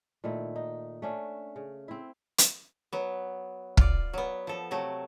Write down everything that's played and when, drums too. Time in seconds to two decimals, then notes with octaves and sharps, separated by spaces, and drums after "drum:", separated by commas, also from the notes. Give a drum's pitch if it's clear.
0.24 A#2 D#3 A3 E4
0.56 D#4
1.02 A3 C#4 D4
1.56 C#3
1.88 C4 E4
2.38 drum: hi-hat
2.93 F#3 B3
3.77 F4 D5, drum: kick
4.14 F#3 B3
4.47 F3 A4
4.71 C3 F#3 A3